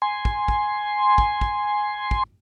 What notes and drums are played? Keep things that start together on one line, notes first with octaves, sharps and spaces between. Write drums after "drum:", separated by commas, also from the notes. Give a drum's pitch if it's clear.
G#5 C6
drum: kick
drum: kick
drum: kick
drum: kick
drum: kick